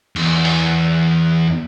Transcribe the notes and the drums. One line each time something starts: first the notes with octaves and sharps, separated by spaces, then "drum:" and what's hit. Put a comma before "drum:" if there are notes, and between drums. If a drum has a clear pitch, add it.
E2, drum: cymbal
drum: open hi-hat